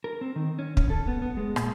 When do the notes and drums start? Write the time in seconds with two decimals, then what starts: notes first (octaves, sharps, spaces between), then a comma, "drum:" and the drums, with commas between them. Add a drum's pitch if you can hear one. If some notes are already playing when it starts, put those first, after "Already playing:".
0.04 A#4
0.21 C4
0.36 D#3
0.59 C#4
0.77 C#4, drum: kick
0.90 A4
1.07 B3
1.22 B3
1.37 G#3
1.56 A#2, drum: rim click